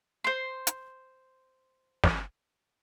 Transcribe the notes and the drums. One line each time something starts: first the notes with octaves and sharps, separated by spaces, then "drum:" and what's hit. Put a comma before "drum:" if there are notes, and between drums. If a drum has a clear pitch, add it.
C5 C6
drum: hi-hat
drum: snare